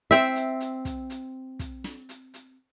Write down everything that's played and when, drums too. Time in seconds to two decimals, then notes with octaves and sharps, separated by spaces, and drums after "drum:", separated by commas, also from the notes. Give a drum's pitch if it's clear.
0.11 C4 E5, drum: hi-hat
0.36 drum: hi-hat
0.60 drum: hi-hat
0.85 drum: kick, hi-hat
1.10 drum: hi-hat
1.59 drum: kick, hi-hat
1.84 drum: snare
2.09 drum: hi-hat
2.34 drum: hi-hat